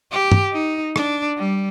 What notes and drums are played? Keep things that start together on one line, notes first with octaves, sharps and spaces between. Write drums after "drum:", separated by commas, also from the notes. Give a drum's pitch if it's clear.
G4
drum: tom
D#4
D4, drum: rim click
G3